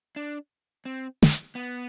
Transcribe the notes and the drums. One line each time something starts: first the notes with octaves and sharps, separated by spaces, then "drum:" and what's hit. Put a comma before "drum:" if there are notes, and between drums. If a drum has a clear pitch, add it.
D4
C4
drum: snare
B3